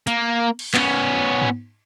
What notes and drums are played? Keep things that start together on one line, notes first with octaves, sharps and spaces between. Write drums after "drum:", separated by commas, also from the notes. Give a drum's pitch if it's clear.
A#3, drum: hi-hat
drum: cymbal
B3 C#4, drum: clap
drum: tom G#2